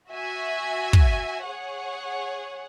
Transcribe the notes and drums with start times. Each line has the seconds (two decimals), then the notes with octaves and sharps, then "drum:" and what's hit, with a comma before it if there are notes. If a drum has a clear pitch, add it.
0.11 F#4 E5 G#5
0.93 drum: kick
1.44 G#4 C#5 F#5